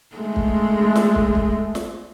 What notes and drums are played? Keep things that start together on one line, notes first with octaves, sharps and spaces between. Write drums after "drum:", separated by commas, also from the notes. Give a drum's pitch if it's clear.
G#3 A3
drum: kick
drum: snare
drum: kick
drum: kick
drum: snare